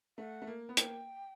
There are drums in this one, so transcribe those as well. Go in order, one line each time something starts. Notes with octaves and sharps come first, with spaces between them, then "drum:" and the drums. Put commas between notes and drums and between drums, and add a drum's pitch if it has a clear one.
A3 F#5
A3
A#3
B3
A#3 G5, drum: hi-hat